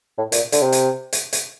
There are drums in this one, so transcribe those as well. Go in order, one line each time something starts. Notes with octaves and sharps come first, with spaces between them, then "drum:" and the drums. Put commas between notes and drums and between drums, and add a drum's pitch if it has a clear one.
A2
A#2, drum: hi-hat
D3, drum: hi-hat
C3
drum: hi-hat
drum: hi-hat
drum: hi-hat